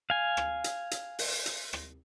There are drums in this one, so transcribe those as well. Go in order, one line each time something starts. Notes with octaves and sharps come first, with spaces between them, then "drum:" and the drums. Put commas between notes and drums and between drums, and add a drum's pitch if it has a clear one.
F5 G#5
drum: rim click
drum: hi-hat
drum: hi-hat
drum: open hi-hat
drum: hi-hat
drum: rim click